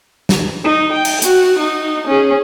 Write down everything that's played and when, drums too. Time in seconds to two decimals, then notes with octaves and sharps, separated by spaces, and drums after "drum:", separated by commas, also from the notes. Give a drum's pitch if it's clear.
0.29 drum: snare
0.64 D#4
0.93 G5
1.05 drum: cymbal
1.22 F#4, drum: hi-hat
1.59 D#4
2.07 C#4 G#4